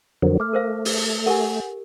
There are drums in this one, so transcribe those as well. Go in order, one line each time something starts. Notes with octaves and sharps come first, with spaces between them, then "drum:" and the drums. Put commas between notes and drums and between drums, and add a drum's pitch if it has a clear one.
F2 D3 F#3 A#4 C5
A3 D6 F6
A#4 C5 F5
drum: open hi-hat
G4 A4 A#4 F#5 G#5